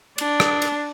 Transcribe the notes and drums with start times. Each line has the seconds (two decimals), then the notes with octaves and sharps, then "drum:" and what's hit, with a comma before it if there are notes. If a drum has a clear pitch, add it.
0.18 D4, drum: cymbal
0.40 drum: rim click
0.62 drum: cymbal